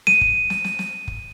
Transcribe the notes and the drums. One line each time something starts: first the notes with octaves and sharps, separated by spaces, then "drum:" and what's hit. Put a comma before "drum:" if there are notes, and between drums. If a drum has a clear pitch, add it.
D#7, drum: snare
drum: kick
drum: snare
drum: snare
drum: snare
drum: kick